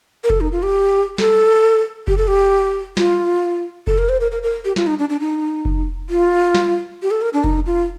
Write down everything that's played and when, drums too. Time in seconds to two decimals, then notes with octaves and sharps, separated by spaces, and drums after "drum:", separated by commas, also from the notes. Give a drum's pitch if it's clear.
0.24 A#4
0.30 A4, drum: kick F1
0.40 D#4
0.52 F4
0.63 G4
1.18 A4, drum: snare
2.07 G4, drum: kick F1
2.18 A4
2.27 G4
2.97 F4, drum: snare
3.87 A4, drum: kick F1
3.98 A#4
4.09 C5
4.21 A#4
4.31 A#4
4.43 A#4
4.65 G4
4.76 F4, drum: snare
4.87 D#4
4.99 D4
5.09 D4
5.20 D#4
5.65 drum: kick F1
6.10 F4
6.55 drum: snare
7.02 G4
7.11 A4
7.21 A#4
7.33 D4
7.44 D#4, drum: kick F1
7.66 F4